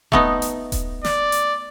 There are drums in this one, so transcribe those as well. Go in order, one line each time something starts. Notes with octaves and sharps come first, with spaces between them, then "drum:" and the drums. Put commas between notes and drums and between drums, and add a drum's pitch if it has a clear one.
A3 B3 D#4, drum: kick D#1
drum: hi-hat
drum: kick D#1, hi-hat
D5, drum: snare
drum: hi-hat